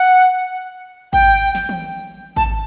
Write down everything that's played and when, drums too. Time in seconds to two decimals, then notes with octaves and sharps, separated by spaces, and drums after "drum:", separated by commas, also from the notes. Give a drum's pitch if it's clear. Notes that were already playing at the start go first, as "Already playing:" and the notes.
Already playing: F#5
1.13 G5, drum: kick G#1
1.55 drum: snare
1.69 drum: tom
2.37 A5, drum: kick G#1